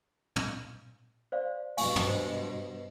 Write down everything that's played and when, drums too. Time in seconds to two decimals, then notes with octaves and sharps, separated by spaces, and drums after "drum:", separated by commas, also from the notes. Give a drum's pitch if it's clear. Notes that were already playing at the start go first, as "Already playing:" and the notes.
0.36 drum: tom
1.32 C5 D5 F5
1.77 G2 B2 F5 G#5 C#6, drum: open hi-hat
1.96 drum: tom
2.07 C5